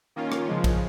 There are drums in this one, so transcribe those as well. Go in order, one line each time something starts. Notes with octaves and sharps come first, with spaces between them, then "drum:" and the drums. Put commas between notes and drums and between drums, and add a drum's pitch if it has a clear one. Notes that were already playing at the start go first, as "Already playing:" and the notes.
D#3 A#3 C#4 F4
drum: rim click
C#3 F3 G#3
drum: kick, cymbal